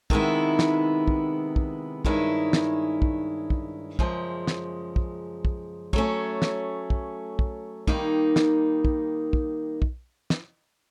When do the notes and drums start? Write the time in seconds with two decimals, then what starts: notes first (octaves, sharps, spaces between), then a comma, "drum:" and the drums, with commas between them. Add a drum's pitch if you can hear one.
0.10 C3 D#3 G#3 B3 E4, drum: kick
0.59 drum: snare
1.08 drum: kick
1.56 drum: kick
2.05 G2 D#3 G#3 C#4 E4, drum: kick
2.53 drum: snare
3.02 drum: kick
3.50 drum: kick
3.99 F#2 C#3 F3 G#3, drum: kick
4.47 drum: snare
4.96 drum: kick
5.45 drum: kick
5.93 F#3 A3 C#4, drum: kick
6.42 drum: snare
6.90 drum: kick
7.39 drum: kick
7.87 D#3 G3 A#3 D#4, drum: kick
8.36 drum: snare
8.85 drum: kick
9.33 drum: kick
9.82 drum: kick
10.30 drum: snare